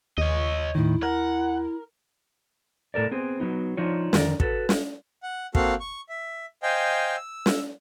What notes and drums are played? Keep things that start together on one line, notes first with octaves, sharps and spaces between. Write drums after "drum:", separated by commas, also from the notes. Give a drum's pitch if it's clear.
D#2 C#5 D#5
A2 D#3 E4
A#4 F#5
A2 A4 A#4 D5
B3 C4 G#4
F#3 B3 D#4
F3 D4 D#4 F4 C#5
F2 D3 D#3 A#4 D5, drum: snare
F#4 A4 B4, drum: kick
drum: snare
F#5
A#3 C4 F#4 A4 F5, drum: kick
C#6
E5
C5 D#5 F5 G5 G#5
E6
drum: snare